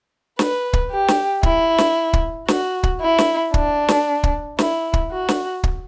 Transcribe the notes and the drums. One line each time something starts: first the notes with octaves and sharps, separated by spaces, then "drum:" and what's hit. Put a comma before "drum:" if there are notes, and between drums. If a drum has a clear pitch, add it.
B4, drum: snare
drum: kick
G4
drum: snare
E4, drum: kick
drum: snare
drum: kick
F#4, drum: snare
drum: kick
E4
drum: snare
D4, drum: kick
drum: snare
drum: kick
E4, drum: snare
drum: kick
F#4
drum: snare
drum: kick